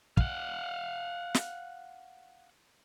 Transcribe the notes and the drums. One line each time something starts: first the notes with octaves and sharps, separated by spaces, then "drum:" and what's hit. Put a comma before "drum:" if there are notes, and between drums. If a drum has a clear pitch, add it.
F5 F#5, drum: kick
drum: snare